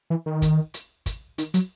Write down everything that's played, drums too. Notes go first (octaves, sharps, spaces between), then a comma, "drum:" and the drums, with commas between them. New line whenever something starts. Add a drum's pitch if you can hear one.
E3
D#3
drum: kick, hi-hat
drum: hi-hat
drum: kick, hi-hat
D#3, drum: hi-hat
F#3, drum: hi-hat